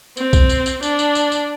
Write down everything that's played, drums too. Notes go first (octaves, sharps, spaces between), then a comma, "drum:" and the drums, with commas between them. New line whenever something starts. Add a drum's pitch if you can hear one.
C4, drum: tambourine
drum: kick, tambourine
drum: tambourine
drum: tambourine
D4, drum: tambourine
drum: tambourine
drum: tambourine
drum: tambourine